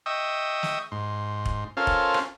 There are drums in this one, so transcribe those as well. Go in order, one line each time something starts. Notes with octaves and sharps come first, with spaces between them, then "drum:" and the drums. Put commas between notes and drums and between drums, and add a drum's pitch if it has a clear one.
D#5 E5 G5 C#6 D#6 E6
drum: snare
G#2 C6
drum: kick E1
C#4 F4 A4 A#4 C5 F5
drum: kick E1
drum: rim click